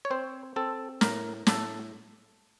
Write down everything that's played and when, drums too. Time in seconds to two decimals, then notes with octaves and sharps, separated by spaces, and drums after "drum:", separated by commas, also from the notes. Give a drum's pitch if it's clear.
0.05 C#5
0.10 C4 C5
0.56 C4 A4
1.01 A2 A#4, drum: snare
1.47 A2 A4, drum: snare